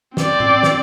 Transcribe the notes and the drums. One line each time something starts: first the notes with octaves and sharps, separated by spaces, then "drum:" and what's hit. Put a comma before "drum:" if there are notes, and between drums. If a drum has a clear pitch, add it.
C4 D5, drum: snare
drum: tom A2
drum: snare